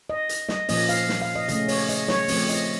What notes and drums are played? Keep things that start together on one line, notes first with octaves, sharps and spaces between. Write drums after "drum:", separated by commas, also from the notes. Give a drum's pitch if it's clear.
D#5
drum: hi-hat
D#5, drum: snare
A#2 F3 A#3 C#4 D#5, drum: open hi-hat
F5, drum: hi-hat
drum: snare
F5
D#5
C#3 A3 C#4 D#5, drum: hi-hat
C#5, drum: open hi-hat
D#5, drum: hi-hat
C#5, drum: snare
F3 A3 C4, drum: open hi-hat
D#5, drum: hi-hat